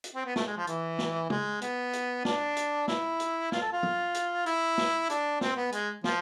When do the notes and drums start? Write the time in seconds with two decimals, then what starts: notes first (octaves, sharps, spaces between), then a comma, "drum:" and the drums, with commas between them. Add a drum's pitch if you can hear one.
0.04 drum: hi-hat
0.15 C4
0.25 B3
0.36 A3, drum: snare
0.46 G#3
0.57 F3
0.67 E3, drum: hi-hat
0.99 drum: snare
1.30 G#3, drum: tom
1.62 B3, drum: hi-hat
1.93 drum: hi-hat
2.25 D4, drum: snare
2.57 drum: hi-hat
2.88 E4, drum: snare
3.20 drum: hi-hat
3.52 F4, drum: snare
3.62 A4
3.73 F4
3.83 drum: tom
4.14 drum: hi-hat
4.46 E4, drum: hi-hat
4.78 drum: snare
5.10 D4, drum: hi-hat
5.41 C4, drum: snare
5.56 B3
5.72 G#3, drum: hi-hat
6.04 F3, drum: snare